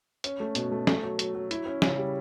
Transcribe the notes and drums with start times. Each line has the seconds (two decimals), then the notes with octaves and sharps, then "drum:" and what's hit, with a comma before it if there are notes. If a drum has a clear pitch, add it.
0.24 C#4, drum: hi-hat
0.40 A3
0.55 B2, drum: hi-hat
0.72 A3
0.87 A3, drum: snare
1.03 F#3
1.19 F#3, drum: hi-hat
1.35 F#3
1.51 E4, drum: hi-hat
1.66 C#4
1.82 C#3, drum: snare
1.98 G3